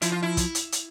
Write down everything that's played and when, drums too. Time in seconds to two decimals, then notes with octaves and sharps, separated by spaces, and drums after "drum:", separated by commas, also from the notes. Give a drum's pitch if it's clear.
0.02 F3 E4, drum: hi-hat
0.12 F4
0.22 E4
0.37 drum: kick, hi-hat
0.55 drum: hi-hat
0.72 drum: hi-hat